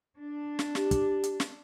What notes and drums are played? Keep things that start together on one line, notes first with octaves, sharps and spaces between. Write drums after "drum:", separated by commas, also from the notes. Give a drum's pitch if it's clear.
D4
drum: snare
G4, drum: snare
drum: kick, hi-hat
drum: hi-hat
drum: snare